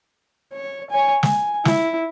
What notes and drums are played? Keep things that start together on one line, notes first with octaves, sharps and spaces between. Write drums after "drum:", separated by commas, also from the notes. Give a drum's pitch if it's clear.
C#5
C#5 G#5
G#5, drum: snare
E4, drum: snare